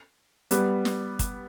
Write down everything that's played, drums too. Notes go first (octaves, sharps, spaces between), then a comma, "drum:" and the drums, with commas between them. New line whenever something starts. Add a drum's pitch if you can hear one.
G3 B3, drum: hi-hat
drum: snare
drum: kick, hi-hat